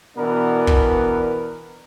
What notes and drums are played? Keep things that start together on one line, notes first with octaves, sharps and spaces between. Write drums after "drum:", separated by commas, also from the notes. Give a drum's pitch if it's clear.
B2 E3 B3 D4 A#4
drum: kick